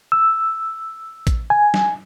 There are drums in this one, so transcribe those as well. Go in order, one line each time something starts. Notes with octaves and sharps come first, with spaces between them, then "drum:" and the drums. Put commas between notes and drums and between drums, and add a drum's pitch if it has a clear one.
E6
drum: kick, hi-hat
G#5
drum: snare